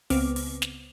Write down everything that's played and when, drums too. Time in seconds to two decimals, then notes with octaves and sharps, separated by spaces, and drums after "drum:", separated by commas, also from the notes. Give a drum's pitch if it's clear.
0.10 C#2 B3 C4 D6 F6, drum: open hi-hat
0.36 drum: open hi-hat
0.62 drum: snare